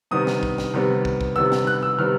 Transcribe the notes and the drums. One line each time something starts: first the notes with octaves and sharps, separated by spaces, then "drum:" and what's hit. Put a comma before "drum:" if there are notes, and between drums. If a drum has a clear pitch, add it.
C3 D#3 G3 B3 D#6
drum: snare
drum: kick
drum: snare
C3 D#3 G3 B3
drum: kick
drum: kick
C3 D#3 G3 B3 E6
drum: snare
F#6
E6
C3 D#3 G3 B3 F6